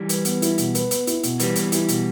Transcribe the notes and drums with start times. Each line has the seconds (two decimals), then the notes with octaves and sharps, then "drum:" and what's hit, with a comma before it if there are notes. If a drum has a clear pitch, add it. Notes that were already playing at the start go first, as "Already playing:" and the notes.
Already playing: E3 G3
0.09 B4, drum: hi-hat
0.25 B3, drum: hi-hat
0.42 E4, drum: hi-hat
0.58 B2, drum: hi-hat
0.75 B4, drum: hi-hat
0.91 B3, drum: hi-hat
1.07 E4, drum: hi-hat
1.23 B2, drum: hi-hat
1.39 E3 G3 B4, drum: hi-hat
1.56 B3, drum: hi-hat
1.72 E4, drum: hi-hat
1.89 B2, drum: hi-hat